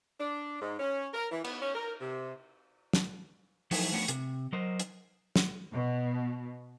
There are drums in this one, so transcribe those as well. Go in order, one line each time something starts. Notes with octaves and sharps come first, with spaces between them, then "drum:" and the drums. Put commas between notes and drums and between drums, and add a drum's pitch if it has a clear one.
D4
G#2
C#4
A#4
E3
B3, drum: cymbal
C#4
A#4
C3
drum: snare
F3 F#3 A3 D#4 E4, drum: open hi-hat
F3 A3 B3 C#4 D4 F4
C3, drum: hi-hat
F#3 A#4 C5 D#5
drum: hi-hat
drum: snare
B2